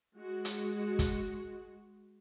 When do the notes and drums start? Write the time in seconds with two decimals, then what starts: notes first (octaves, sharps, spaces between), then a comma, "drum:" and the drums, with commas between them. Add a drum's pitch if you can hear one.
0.18 G#3 F#4
0.45 drum: hi-hat
0.99 drum: kick, hi-hat